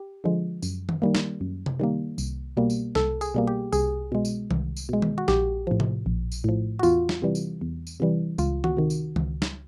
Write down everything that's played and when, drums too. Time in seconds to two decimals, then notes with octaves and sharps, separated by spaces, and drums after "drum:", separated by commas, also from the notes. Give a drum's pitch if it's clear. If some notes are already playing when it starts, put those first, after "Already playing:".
Already playing: G4
0.24 D3 F3 G#3
0.62 F#2, drum: tambourine
0.89 drum: tom D#3
1.02 D#3 G3 A#3
1.15 drum: snare
1.41 F#2
1.66 drum: tom C3
1.79 D#3 G3 A#3
2.18 C2, drum: tambourine
2.57 B2 G3 A#3
2.70 drum: tambourine
2.95 C2 A4, drum: snare
3.21 G#4, drum: tambourine
3.34 B2 G3 A#3
3.47 G4
3.72 C2 G#4, drum: tambourine
4.12 B2 G#3
4.25 drum: tambourine
4.51 C2, drum: tom D#3
4.76 drum: tambourine
4.89 B2 G#3
5.02 drum: tom D#3
5.18 F#4
5.28 A#1 G4, drum: snare
5.67 A2 F3
5.80 drum: tom C3
6.06 A#1
6.32 drum: tambourine
6.44 A2 F3
6.79 F#4
6.83 E2 F4, drum: tambourine
7.09 drum: snare
7.22 C3 E3 G3
7.35 drum: tambourine
7.61 E2
7.87 drum: tambourine
8.00 C3 E3 G3
8.38 C#2 F4, drum: tambourine
8.64 F#4, drum: tom D#3
8.77 C3 D#3
8.90 drum: tambourine
9.16 C#2, drum: tom D#3
9.42 drum: snare